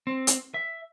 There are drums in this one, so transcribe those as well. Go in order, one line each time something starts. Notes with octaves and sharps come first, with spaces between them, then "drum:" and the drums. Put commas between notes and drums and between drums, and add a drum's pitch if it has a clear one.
C4
drum: hi-hat
E5